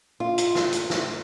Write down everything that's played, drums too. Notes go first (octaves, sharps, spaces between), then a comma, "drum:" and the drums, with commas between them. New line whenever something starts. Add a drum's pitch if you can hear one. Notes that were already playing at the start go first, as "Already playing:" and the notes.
F4
drum: hi-hat
drum: snare
drum: hi-hat
drum: snare